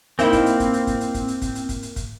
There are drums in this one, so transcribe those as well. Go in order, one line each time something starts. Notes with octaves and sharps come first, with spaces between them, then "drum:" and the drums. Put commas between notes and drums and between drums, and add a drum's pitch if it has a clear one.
A#3 C4 D#4 E4, drum: hi-hat
drum: kick, hi-hat
drum: hi-hat
drum: kick, hi-hat
drum: hi-hat
drum: kick, hi-hat
drum: hi-hat
drum: kick, hi-hat
drum: hi-hat
drum: kick, hi-hat
drum: hi-hat
drum: kick, hi-hat
drum: hi-hat
drum: kick, hi-hat